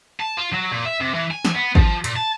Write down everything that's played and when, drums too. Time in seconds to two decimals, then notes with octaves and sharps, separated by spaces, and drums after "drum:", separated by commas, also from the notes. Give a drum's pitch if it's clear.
0.20 A5
0.38 F4
0.53 F#3
0.71 A#2
0.85 E5
1.01 C3
1.14 E3
1.31 G#5
1.45 drum: snare
1.55 B3
1.75 F3, drum: kick G#1
2.04 A#2, drum: cymbal
2.16 A5